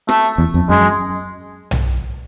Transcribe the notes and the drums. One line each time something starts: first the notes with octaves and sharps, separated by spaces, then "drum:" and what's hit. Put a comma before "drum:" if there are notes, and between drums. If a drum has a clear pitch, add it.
A3, drum: rim click
E2
F2
F#2 G#3
drum: tom B1